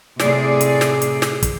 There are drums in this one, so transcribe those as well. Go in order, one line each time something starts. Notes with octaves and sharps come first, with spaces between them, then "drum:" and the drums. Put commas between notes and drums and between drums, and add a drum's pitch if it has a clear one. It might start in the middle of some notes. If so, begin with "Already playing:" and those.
A2 C3 G#4 D5, drum: snare
drum: hi-hat
drum: snare
drum: hi-hat
drum: snare
drum: kick, hi-hat